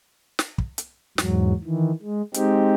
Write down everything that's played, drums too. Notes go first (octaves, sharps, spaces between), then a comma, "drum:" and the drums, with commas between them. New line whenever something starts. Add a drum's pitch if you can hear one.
drum: snare
drum: kick
drum: hi-hat
E2 G#2 F#3, drum: snare
D#3 E3
G#3
G#3 C4 D#4 G4, drum: hi-hat